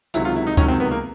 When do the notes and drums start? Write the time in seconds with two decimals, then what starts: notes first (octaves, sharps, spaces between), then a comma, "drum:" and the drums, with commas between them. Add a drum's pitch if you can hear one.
0.14 C#2 C3 D#3 F#3 E4, drum: hi-hat
0.25 F4
0.36 E4
0.47 D#4
0.57 C#2 C3 D#3 F#3 C#4, drum: kick D2, hi-hat
0.68 C4
0.80 B3
0.91 A#3